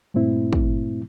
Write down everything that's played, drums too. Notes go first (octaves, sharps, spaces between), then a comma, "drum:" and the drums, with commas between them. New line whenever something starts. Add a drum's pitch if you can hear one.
G2 A#2 A3 C4 E4
drum: kick